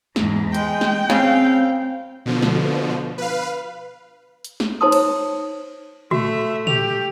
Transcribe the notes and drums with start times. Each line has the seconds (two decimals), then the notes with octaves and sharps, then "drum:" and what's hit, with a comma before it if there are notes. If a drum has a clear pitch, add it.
0.16 E2 G#2, drum: snare
0.54 G#3 G5, drum: hi-hat
0.81 drum: snare
1.10 C#3 C4 F5, drum: snare
2.26 B2 D3 F3
2.42 drum: snare
3.18 B4 F5
4.44 drum: hi-hat
4.60 drum: snare
4.81 D#4 C5 C#5 A5 C6 D#6
4.92 drum: cymbal
6.11 A3 F#4 E5, drum: tom
6.67 G4 F7, drum: tom